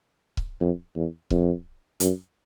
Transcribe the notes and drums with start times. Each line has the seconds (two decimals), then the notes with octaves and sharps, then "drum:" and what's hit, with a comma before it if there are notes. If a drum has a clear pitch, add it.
0.37 drum: kick C#1
0.60 F2
0.95 E2
1.30 F2, drum: kick C#1
2.00 F#2, drum: hi-hat